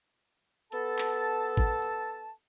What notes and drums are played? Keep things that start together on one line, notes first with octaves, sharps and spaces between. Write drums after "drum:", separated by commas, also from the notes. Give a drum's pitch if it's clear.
B3 A4 A5, drum: hi-hat
drum: clap
drum: kick
drum: tambourine